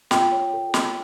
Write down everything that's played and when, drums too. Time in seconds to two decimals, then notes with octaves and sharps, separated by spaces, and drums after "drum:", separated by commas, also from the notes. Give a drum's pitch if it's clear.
0.11 F4 G5, drum: snare
0.32 C#5
0.53 A4
0.74 F4, drum: snare